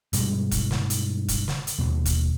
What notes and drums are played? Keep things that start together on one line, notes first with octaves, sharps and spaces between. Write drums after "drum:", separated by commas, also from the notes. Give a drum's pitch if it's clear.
G2 B2 G3 G#3, drum: hi-hat
drum: kick E1, hi-hat
drum: snare
drum: hi-hat
drum: kick E1, hi-hat
drum: snare
drum: hi-hat
D#2 B2
drum: kick E1, hi-hat